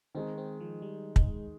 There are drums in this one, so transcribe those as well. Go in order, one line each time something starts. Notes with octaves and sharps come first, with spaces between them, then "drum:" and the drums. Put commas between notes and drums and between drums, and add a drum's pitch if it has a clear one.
D#3 G#3 C4 D#4
C4
F3
G3
G#3, drum: kick